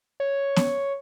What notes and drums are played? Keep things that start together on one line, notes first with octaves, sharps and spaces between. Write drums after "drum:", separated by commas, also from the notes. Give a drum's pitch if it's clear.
C#5
drum: snare